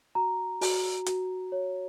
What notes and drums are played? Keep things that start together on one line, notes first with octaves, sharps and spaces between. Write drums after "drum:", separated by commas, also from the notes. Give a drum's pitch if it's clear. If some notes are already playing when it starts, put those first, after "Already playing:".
F#4 A#5
F#4, drum: open hi-hat
F#4, drum: hi-hat
C#5